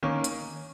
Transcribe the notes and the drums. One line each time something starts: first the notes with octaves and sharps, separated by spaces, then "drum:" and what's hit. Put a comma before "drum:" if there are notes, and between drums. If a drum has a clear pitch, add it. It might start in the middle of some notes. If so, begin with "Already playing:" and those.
D#3 A#3 C#4
drum: hi-hat